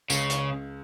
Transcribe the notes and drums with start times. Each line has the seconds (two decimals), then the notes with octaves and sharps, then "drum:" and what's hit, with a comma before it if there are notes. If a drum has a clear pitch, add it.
0.10 C#2 C#3, drum: tambourine
0.30 drum: hi-hat